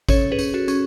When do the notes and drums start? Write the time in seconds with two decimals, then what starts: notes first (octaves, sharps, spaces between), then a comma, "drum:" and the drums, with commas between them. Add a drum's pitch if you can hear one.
0.09 C#4 A4 C#5, drum: kick A1, tambourine
0.32 G#4 B4
0.39 C#4, drum: tambourine
0.54 F#4 A4
0.68 C#4, drum: tambourine